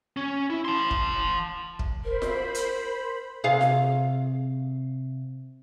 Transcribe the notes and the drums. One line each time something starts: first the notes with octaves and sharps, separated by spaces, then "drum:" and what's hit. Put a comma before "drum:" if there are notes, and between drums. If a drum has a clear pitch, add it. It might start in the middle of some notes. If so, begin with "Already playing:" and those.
C#4
E4
A5 C6
drum: kick
drum: kick
A#4 C5 B5
drum: snare F4
drum: hi-hat
C3 G#4 F5
drum: snare F4